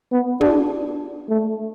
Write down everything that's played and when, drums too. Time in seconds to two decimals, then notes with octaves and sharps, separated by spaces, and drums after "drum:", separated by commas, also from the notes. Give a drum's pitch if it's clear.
0.12 B3
0.41 D4, drum: tom
1.29 A3